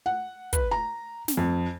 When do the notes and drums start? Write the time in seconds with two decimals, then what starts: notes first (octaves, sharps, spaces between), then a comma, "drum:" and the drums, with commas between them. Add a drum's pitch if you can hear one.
0.06 F#5
0.53 B4, drum: kick, hi-hat
0.71 A#5
1.28 drum: snare
1.37 F2